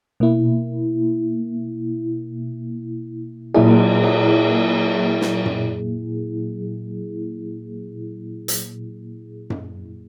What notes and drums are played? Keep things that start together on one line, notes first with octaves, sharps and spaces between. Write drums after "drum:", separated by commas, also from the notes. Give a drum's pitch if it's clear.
B2 A#3 E4
A#2 F#3 A#3 E4 G#4, drum: cymbal
drum: cymbal
drum: snare
drum: tom F#2
drum: hi-hat
drum: tom F#2